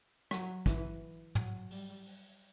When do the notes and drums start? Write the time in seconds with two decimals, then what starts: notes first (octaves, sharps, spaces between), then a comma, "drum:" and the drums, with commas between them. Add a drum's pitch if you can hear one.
0.31 F#3, drum: rim click
0.66 E3, drum: kick, hi-hat
1.35 F#3, drum: tom
1.71 G3, drum: open hi-hat
2.06 drum: open hi-hat